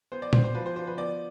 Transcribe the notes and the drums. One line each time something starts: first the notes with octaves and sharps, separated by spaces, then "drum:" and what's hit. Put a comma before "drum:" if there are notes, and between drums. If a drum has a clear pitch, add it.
B3 C5
D5
B3 C5, drum: tom A#2
C5
F3 B4
C5
F3 C5
B4
B3 D5